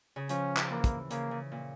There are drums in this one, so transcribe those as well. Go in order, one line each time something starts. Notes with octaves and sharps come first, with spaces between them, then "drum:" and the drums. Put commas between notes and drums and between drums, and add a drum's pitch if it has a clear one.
C#3
F3 C#4, drum: hi-hat
drum: clap
E3 A#3
drum: kick, hi-hat
C#3 A#3, drum: hi-hat
C#3
A#2